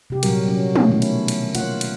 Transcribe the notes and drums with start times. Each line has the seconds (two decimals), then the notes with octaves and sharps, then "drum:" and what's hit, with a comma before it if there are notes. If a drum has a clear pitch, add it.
0.10 C3 G4
0.23 A#2 F#3 G3 F#4 A#4, drum: cymbal
0.45 F#3 C#4
0.76 drum: tom
0.89 B2 D#3 A3 C#4 E4
1.02 drum: cymbal
1.28 drum: cymbal
1.55 A#3 F4 C#5 F#5, drum: cymbal
1.81 drum: cymbal